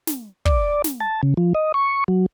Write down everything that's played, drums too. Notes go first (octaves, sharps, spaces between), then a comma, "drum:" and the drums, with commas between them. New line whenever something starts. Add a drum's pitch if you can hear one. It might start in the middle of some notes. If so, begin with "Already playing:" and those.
drum: snare
D5, drum: kick
drum: snare
A5
C#3
F3
D#5
C#6
F#3